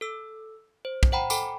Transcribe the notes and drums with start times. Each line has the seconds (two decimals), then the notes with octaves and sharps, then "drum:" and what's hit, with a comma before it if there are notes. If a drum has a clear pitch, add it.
0.01 A4 E6
0.85 C5
1.03 drum: kick
1.12 C5 F#5 G5 A#5 B5
1.30 A4 G5 G#5 B5 D6, drum: tambourine